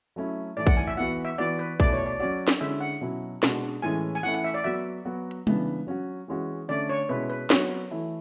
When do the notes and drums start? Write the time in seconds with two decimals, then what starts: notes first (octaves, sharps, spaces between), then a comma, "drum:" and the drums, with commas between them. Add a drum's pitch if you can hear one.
0.16 F#3 A3 C#4 E4
0.57 A2 E3 A3 D5
0.67 F#5, drum: kick
0.77 G#5
0.87 E5
0.97 E3 B3 F#4 F#5
1.25 E5
1.38 E3 B3 F#4 D5
1.59 B4
1.80 B2 A3 E4 D5, drum: kick
1.93 C#5
2.06 D5
2.20 F#3 C#4 F#4 D5
2.48 drum: snare
2.60 D3 G#3 C#4 E4 E5
2.80 F#5
3.01 B2 F#3 C#4 E4
3.43 B2 G#3 D4 F#4, drum: snare
3.82 A2 E3 G#3 C#4 G#5
4.15 G#5
4.23 E3 A3 C#4 E4 F#5
4.34 F#5, drum: hi-hat
4.44 E5
4.54 D5
4.64 F#3 B3 F#4 E5
5.05 F#3 B3 F#4
5.31 drum: hi-hat
5.47 C#3 E3 B3 D4, drum: tom G3
5.87 F#3 C#4 F#4
6.28 E3 G#3 C#4 F#4
6.68 D3 A3 C#4 D5
6.90 C#5
7.09 B2 G#3 C#4 E4 B4
7.30 B4
7.50 F#3 B3 F#4 C#5, drum: snare
7.91 E3 A3 E4